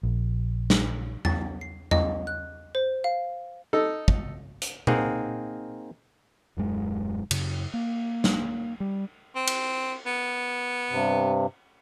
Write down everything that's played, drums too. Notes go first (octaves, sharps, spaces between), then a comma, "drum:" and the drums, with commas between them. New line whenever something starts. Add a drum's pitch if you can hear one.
A#1
drum: snare
A6, drum: tom E2
C7
D#5, drum: tom E2
F#6
C5
F5
D#4 A4
drum: kick
drum: hi-hat
A#3 C4 D#4 G#4 A#4 F#5, drum: tom A#2
D#1 F#2 G#3
F#2 C#3, drum: cymbal
A#3
drum: snare
G3
C4
drum: cymbal
B3
G2 C3